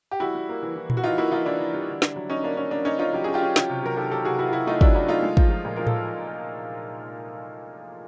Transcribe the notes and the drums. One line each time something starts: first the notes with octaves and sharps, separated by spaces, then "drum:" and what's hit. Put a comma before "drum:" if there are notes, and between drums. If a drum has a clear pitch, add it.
G4
G3 E4 F#4
G3
A#3
E3
E3
E3, drum: tom A#2
F#4
E3 D#4 F4
A#3 E4 F#4
E3 D#4 F4
E3 D4 E4
E3
G3
D3
D3, drum: snare
F#3
C#4 D#4
A#3 D4
C#4
A#3 D4
C#4 D#4
C#4 D#4 F4
F#3 G4
C#4 G#4
F4 G4
C#4
F#3, drum: snare
C3
F#3 A#4
D#3 G4 A4
F#3 G4 A4
C3 F#4 G#4
C3 E4 F#4
F4
C3 E4 F#4
A3 D#4 F4
F#3 D4 E4, drum: kick
F#3 D4 E4
A3 D#4 F4
G#3
F3, drum: kick
F3
A#2
F3 A#4
A4, drum: tom A2